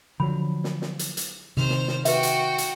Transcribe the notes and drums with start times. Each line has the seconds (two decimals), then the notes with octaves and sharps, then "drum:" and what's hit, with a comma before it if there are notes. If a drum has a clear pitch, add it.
0.20 D3 F3 F#3 B5
0.64 drum: snare
0.82 drum: snare
0.99 drum: hi-hat
1.17 drum: hi-hat
1.57 C3 D#3 C5 F6
1.70 drum: snare
1.88 drum: snare
2.05 F#4 B4 E5 G5, drum: hi-hat
2.23 drum: hi-hat
2.58 drum: hi-hat